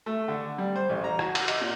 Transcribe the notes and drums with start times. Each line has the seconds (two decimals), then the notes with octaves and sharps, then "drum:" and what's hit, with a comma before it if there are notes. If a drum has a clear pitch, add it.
0.06 A3
0.28 D3
0.58 G3
0.76 C5
0.89 A1
1.04 A#5
1.19 F#4, drum: rim click
1.35 F#4, drum: cymbal
1.48 D#5, drum: cymbal
1.61 A#2